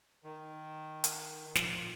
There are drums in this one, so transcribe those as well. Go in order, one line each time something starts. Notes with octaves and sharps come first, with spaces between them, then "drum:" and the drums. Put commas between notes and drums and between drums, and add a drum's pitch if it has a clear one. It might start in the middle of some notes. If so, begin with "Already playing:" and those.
D#3
drum: hi-hat
A#2 F3, drum: snare